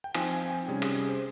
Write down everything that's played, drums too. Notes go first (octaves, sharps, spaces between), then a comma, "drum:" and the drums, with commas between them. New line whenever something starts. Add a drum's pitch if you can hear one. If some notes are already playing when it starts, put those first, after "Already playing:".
G5
F3 C4 D#4 G#5, drum: rim click
G#5
G#5
G5
C3 G3 C#4 G#4
G#4, drum: rim click
G#4
C5